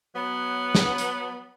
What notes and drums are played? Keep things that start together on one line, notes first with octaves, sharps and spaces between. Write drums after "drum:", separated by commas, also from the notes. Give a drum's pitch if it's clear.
F#3 B3
drum: snare
drum: hi-hat